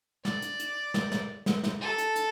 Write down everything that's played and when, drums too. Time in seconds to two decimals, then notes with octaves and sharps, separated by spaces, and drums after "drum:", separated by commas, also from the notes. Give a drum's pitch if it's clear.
0.25 D5, drum: snare
0.42 drum: hi-hat
0.60 drum: hi-hat
0.94 drum: snare
1.12 drum: snare
1.46 drum: snare
1.64 drum: snare
1.81 A4
1.98 drum: hi-hat
2.16 drum: hi-hat